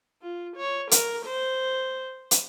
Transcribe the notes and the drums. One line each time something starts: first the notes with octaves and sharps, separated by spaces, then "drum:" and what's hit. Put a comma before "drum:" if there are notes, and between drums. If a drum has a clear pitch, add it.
F4
C#5
A#4, drum: hi-hat
C5
drum: hi-hat